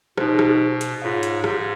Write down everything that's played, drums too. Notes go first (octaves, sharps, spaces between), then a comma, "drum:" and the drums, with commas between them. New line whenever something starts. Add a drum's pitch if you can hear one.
B2 D#4 G#4 C5, drum: rim click
drum: rim click
drum: hi-hat
G#2 F4 G#4 C#5 F5
drum: hi-hat
G#2, drum: rim click